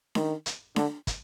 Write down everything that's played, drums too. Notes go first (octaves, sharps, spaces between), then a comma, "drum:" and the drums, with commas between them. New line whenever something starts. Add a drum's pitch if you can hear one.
D#3, drum: snare D4
drum: hi-hat
D3, drum: snare D4
drum: kick, hi-hat